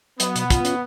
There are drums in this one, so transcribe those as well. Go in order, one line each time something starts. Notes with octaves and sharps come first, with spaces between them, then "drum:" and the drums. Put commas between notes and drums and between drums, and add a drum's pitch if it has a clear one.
F#3 B3, drum: hi-hat
B2, drum: hi-hat
F4, drum: kick, hi-hat
C#4, drum: hi-hat